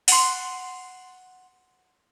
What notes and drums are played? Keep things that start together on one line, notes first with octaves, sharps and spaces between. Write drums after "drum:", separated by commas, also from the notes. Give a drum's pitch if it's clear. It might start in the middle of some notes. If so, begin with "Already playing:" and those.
F#5 C6, drum: open hi-hat